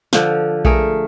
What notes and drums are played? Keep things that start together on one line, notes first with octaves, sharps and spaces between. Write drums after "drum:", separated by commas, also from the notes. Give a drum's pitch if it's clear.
D3 F3, drum: snare
A3 G#4 A#4, drum: kick A#1